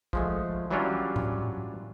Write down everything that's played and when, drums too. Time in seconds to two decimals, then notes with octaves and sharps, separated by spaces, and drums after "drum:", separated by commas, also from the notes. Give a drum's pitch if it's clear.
0.13 F3 G#3 A3, drum: kick
0.70 E3 F#3 G3 C#4 D4 F4
1.16 drum: tom A2